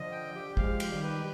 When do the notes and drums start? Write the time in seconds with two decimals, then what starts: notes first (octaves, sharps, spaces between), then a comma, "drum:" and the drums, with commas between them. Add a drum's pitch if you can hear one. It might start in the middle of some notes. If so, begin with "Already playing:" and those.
Already playing: D3 F3 D#5
0.12 G5
0.35 G4
0.57 F3 G#3 F5, drum: kick
0.80 G4, drum: cymbal
0.92 D#3 G3
1.03 B4